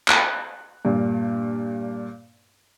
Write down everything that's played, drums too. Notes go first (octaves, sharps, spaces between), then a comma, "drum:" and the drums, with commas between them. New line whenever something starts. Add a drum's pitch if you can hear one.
F#6, drum: clap
G2 A#2